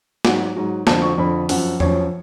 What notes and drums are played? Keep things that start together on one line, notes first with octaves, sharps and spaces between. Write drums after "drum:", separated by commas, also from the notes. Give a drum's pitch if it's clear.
G#2 F#3 F#5, drum: snare
G#2 F#3
F2 D3 F3 A5, drum: snare
C#6
F2 D3 F3 B5
F#2 F3 F#5, drum: open hi-hat
F#2 F3 C#5, drum: tom